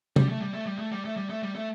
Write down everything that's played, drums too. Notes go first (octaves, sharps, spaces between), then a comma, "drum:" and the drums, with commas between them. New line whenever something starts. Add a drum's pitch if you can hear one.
G3, drum: tom C3
A3
G3
A3
G3
A3
G3
A3
G3
A3
G3
A3